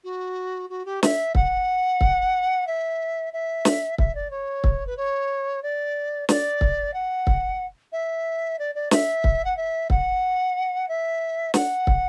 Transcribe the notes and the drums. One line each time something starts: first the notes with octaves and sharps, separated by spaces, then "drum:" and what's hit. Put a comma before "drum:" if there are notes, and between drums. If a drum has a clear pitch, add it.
F#4
F#4
G4
E5, drum: snare
F#5, drum: kick
drum: kick
E5
E5
drum: snare
E5, drum: kick
D5
C#5
drum: kick
B4
C#5
D5
D5, drum: snare
drum: kick
F#5
drum: kick
E5
D5
D5
E5, drum: snare
drum: kick
F#5
E5
F#5, drum: kick
E5
F#5, drum: snare
drum: kick